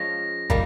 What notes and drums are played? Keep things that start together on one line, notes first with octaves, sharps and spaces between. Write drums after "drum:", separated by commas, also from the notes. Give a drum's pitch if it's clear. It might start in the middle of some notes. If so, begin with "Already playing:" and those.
Already playing: F3 G#3 C#4 F4 A#6
D#3 G3 A#3, drum: kick, hi-hat